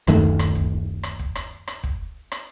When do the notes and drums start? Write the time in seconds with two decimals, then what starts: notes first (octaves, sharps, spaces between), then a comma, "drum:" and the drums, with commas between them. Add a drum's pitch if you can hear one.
0.07 D1 F#2 D#3 A3, drum: rim click
0.39 drum: rim click
0.55 drum: kick
1.03 drum: rim click
1.19 drum: kick
1.35 drum: rim click
1.67 drum: rim click
1.83 drum: kick
2.32 drum: rim click